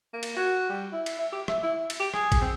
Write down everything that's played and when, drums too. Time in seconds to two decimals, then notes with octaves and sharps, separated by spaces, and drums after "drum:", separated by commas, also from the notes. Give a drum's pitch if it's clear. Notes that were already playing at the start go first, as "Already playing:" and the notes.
0.13 A#3
0.23 drum: cymbal
0.36 F#4
0.69 G3
0.92 E4
1.06 drum: cymbal
1.19 E5
1.32 G4
1.48 E5, drum: rim click
1.63 E4
1.90 drum: cymbal
2.00 G4
2.14 G#4, drum: rim click
2.32 drum: kick, cymbal
2.41 C4